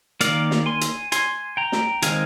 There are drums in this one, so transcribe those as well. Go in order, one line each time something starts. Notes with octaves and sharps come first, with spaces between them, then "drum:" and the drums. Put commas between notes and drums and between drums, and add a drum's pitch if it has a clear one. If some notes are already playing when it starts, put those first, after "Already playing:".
D#3 A#3 D5 F5, drum: hi-hat
drum: snare
G#5 C6
drum: hi-hat
G#5 C6, drum: hi-hat
G5 A#5
drum: snare
D#3 G#3 C4 F5 G#5, drum: hi-hat